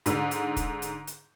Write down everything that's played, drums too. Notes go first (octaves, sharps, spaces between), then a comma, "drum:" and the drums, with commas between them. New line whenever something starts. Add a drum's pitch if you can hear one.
G#2 D3, drum: hi-hat
drum: hi-hat
drum: kick, hi-hat
drum: hi-hat
drum: hi-hat